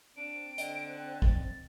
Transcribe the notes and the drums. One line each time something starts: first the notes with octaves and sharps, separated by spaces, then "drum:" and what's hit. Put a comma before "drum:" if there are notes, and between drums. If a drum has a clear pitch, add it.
C4 D4 D7
D3 D#5 G5, drum: hi-hat
F#6
A6, drum: kick G#1